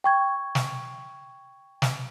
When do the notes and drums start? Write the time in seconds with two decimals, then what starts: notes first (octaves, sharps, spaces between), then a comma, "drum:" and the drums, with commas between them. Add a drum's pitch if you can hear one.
0.04 G5 C#6 G#6
0.55 drum: snare
1.82 drum: snare